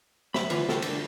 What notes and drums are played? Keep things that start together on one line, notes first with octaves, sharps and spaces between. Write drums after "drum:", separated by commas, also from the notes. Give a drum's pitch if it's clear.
F#2 E5 B5, drum: snare
D3 E3 F4 B4 C5, drum: cymbal
F#4 A4 A#4 C5 G5, drum: snare
D3, drum: cymbal